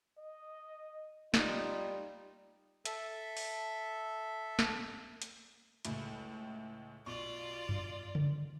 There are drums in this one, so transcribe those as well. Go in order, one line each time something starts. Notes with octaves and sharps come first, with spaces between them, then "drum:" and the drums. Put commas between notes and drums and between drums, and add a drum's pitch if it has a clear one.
D#5
G3 D#4 F4, drum: snare
A4 E5, drum: hi-hat
drum: open hi-hat
drum: snare
drum: hi-hat
C#2 A2 A3, drum: hi-hat
B1 F4 D5 C#6
drum: tom F#2
drum: tom C#3